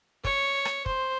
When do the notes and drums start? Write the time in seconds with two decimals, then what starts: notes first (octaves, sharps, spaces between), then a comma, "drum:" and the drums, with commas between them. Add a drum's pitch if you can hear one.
0.24 C#5, drum: kick
0.65 drum: rim click
0.86 C5, drum: kick